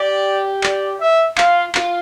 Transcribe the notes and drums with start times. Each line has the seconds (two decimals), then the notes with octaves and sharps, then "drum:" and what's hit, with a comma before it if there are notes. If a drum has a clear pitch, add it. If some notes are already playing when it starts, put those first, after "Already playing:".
Already playing: G4 D5
0.63 D5, drum: clap
1.01 E5
1.38 F4 F5, drum: clap
1.75 F4, drum: clap